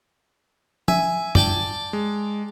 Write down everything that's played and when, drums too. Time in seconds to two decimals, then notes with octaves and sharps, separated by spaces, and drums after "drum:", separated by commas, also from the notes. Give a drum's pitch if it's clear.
0.88 E5 G#5, drum: tom F3
1.35 D5 G5 A5, drum: tom F#2
1.93 G#3